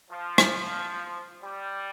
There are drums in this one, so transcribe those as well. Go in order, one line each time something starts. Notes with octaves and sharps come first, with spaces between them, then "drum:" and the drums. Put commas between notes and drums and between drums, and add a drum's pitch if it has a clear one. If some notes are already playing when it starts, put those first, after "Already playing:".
F3
drum: rim click
G3